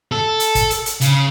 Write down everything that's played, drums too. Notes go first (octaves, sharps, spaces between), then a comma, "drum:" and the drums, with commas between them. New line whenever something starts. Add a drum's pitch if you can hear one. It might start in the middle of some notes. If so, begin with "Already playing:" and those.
A4
drum: hi-hat
drum: kick, hi-hat
drum: hi-hat
drum: hi-hat
C#3, drum: hi-hat